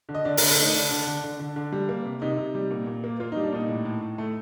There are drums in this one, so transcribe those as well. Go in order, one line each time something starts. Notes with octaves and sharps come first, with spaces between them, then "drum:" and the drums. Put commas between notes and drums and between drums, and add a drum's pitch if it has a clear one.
D3
D#5
D3 D5
A#4, drum: open hi-hat
D3
A4
A3 D#4
D3 D4
D3
D3
D3
D3
D3
G3
A#3
C3
C3 D#4
C3
G3
A#2
A#2
A#3
A#3 F4
G3 D#4
D4
A#2 D#4
A2
A2
A2
A3